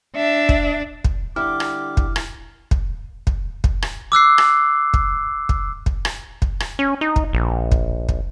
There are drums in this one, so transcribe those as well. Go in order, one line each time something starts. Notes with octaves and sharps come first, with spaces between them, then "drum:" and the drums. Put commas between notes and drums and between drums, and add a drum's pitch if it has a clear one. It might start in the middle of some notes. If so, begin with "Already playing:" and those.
D4 E5
drum: kick
drum: kick
D3 G3 E4 D6 F6
drum: rim click
drum: kick
drum: rim click
drum: kick
drum: kick
drum: kick
drum: rim click
D6 E6 F#6 C7
drum: rim click
drum: kick
drum: kick
drum: kick
drum: rim click
drum: kick
drum: rim click
C#4
D#4
drum: kick
A#1
drum: kick
drum: kick